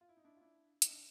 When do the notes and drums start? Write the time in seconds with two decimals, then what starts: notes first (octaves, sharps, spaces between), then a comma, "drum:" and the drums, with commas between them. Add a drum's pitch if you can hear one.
0.01 F4
0.09 E4
0.17 D#4
0.24 D4 E4
0.37 F4
0.41 D4 E4
0.82 D#4, drum: hi-hat
0.90 D4